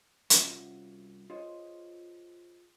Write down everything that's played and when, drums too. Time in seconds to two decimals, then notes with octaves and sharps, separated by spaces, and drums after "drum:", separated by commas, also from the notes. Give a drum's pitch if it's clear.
0.30 C2 C#4 F4 F#4 E5, drum: hi-hat
1.30 F4 G#4 C5 C#5 D#5